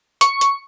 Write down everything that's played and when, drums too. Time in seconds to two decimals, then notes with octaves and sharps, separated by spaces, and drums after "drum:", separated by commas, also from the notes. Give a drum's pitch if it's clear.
0.21 C#6, drum: hi-hat
0.41 drum: hi-hat